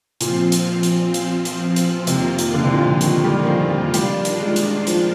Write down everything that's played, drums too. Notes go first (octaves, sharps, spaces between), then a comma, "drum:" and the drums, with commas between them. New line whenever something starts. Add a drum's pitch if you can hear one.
A#2 F3 C4 F4, drum: hi-hat
drum: hi-hat
drum: hi-hat
drum: hi-hat
drum: hi-hat
drum: hi-hat
F2 C3 D#3 A#3 F4, drum: hi-hat
drum: hi-hat
D3
C3
A#2
C3
D#3, drum: hi-hat
G3
D#3
F3
G3
D#3 G3 A#3 D4 F4, drum: hi-hat
drum: hi-hat
G#3
drum: hi-hat
F3, drum: hi-hat